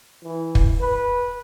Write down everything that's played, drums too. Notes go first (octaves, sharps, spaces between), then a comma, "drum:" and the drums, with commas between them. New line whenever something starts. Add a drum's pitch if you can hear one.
E3
drum: kick
B4